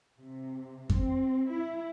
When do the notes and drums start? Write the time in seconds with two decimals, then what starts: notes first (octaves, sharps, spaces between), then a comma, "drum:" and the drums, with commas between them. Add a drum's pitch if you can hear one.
0.18 C3
0.90 C4, drum: kick F2
1.50 E4